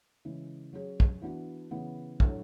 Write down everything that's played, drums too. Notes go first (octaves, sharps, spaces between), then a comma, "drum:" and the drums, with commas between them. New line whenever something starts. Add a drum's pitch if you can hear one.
C#3 E3 G#3
F#3 C#4 G#4
drum: kick
E3 B3 D4 F#4
C#3 E3 B3
A2 F#3 A3 D4, drum: kick